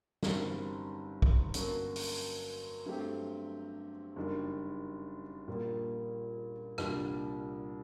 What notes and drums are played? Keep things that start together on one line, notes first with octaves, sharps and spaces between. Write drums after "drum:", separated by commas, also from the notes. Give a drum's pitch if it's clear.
G1 F#2 D#3 G3 C4, drum: snare
drum: kick B1
G1 F#2 F#3 A#3 F#4, drum: hi-hat
drum: open hi-hat
G2 F#3 A3 C4 G4
F#1 F#2 D#3 G3 D4
A#1 A#2 G3 A#3
C2 A#2 G3 D4, drum: rim click